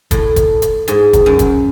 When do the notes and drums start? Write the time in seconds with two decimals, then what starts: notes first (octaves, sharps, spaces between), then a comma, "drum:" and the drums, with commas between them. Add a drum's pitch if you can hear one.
0.11 A2, drum: kick, hi-hat
0.36 drum: kick, hi-hat
0.62 drum: hi-hat
0.88 G#2, drum: hi-hat
1.13 drum: kick, hi-hat
1.26 F#2
1.39 drum: kick, hi-hat